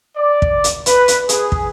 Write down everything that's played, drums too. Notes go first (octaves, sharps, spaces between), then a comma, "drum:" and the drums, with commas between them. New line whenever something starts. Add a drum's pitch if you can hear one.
D5
drum: kick
drum: hi-hat
B4, drum: hi-hat
drum: hi-hat
G#4, drum: hi-hat
drum: kick